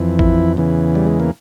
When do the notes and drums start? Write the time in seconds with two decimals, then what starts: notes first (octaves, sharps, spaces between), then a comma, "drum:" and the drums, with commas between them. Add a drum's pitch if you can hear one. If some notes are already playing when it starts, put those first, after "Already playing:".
Already playing: F2 E3
0.19 E4, drum: kick A1
0.57 E2 C#3 E3
0.95 G3
1.07 G#3
1.20 A#3